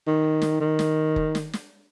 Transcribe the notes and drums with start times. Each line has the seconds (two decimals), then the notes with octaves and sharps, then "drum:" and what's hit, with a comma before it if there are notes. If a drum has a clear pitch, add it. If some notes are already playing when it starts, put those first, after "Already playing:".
0.07 D#3
0.42 drum: snare
0.60 D#3
0.79 drum: snare
1.16 drum: kick
1.35 drum: snare
1.53 drum: snare